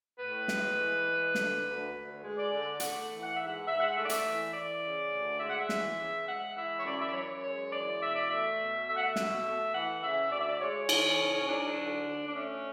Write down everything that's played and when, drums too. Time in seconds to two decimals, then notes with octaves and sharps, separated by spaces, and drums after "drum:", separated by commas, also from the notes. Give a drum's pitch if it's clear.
0.19 A2 B4
0.48 G#3, drum: snare
0.77 E3
1.07 G#3
1.35 D3, drum: snare
1.65 D2
1.92 D2
2.22 G#3
2.37 D5
2.51 D3
2.80 A3 F#5, drum: hi-hat
3.09 E3
3.23 F#5
3.34 G#2 E5
3.47 F#5
3.66 G#2 E5
3.80 F#5
3.95 A3 E5
4.03 D5
4.09 E5, drum: hi-hat
4.25 E3
4.54 E3 D5
4.82 C#3
5.11 D2
5.40 G#3 E5
5.49 F#5
5.58 E5
5.69 E3, drum: snare
5.97 C#3
6.26 G#3 F#5
6.55 E3 E5
6.79 C#5
6.85 F#2 D5
6.99 E5
7.07 D5
7.13 F#2 C#5
7.42 G#3 C#5
7.72 E3 D5
8.00 B2 E5
8.14 D5
8.28 A3 E5
8.58 B2
8.87 A3 E5
8.95 F#5
9.02 E5
9.16 B2, drum: snare
9.45 A3
9.73 E3 F#5
10.02 C#3 E5
10.31 D2 D5
10.39 E5
10.48 D5
10.60 G#3 C#5
10.89 E3, drum: cymbal
11.19 C#3
11.36 C#4
11.47 F#3 D4
11.77 D3
12.04 D2
12.27 D4
12.34 A3 C#4